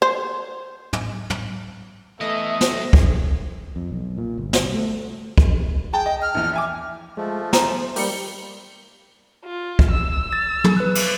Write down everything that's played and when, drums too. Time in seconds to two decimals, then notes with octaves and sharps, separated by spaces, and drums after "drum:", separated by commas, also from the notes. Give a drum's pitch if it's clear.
0.02 C5
0.93 drum: tom
1.30 drum: tom
2.21 E3 A3 B3 D#5 E5
2.61 drum: snare
2.93 drum: kick
3.76 F2
3.91 B1
4.18 A#2
4.38 G1
4.53 drum: snare
4.63 C2
4.75 A3
5.38 drum: kick
5.93 G#4 G5 A5
6.06 D#5
6.22 F6
6.35 A#1 E2
6.53 E5 G#5 D6
7.17 F3 G#3 A3
7.53 C5 A#5, drum: snare
7.96 G3 A#3 D#4 C#7, drum: open hi-hat
9.45 F4
9.79 drum: kick
9.91 E6
10.33 A6
10.64 drum: tom
10.77 B4 F#6
10.95 drum: cymbal